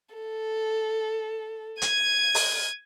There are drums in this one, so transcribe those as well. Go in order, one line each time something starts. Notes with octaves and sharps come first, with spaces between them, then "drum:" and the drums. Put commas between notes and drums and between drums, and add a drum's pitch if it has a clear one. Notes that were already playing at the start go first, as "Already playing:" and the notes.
A4
G#6 D#7, drum: hi-hat
drum: open hi-hat